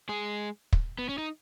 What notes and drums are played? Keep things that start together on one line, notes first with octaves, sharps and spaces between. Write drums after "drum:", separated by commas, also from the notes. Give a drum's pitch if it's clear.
G#3 G#4
drum: kick
B3
C#4
D#4